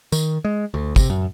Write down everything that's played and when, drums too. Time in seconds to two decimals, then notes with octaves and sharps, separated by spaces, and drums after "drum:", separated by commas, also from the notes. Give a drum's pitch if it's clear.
0.12 D#3, drum: tambourine
0.45 G#3
0.74 D2
0.96 C3, drum: kick, tambourine
1.10 F#2